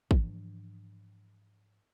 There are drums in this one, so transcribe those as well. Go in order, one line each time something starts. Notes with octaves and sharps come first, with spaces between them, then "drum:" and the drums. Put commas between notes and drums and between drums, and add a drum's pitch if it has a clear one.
G#2 E3 F3 D4, drum: kick